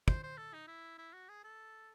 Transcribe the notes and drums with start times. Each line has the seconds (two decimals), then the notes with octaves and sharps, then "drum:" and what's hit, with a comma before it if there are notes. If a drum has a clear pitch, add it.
0.08 C5, drum: kick
0.23 C5
0.37 A4
0.53 D#4
0.67 E4
0.98 E4
1.13 F#4
1.29 G#4
1.44 A4